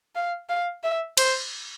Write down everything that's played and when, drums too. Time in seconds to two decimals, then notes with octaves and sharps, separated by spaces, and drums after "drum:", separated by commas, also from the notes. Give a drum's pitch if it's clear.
0.15 F5
0.49 F5
0.83 E5
1.17 C5, drum: cymbal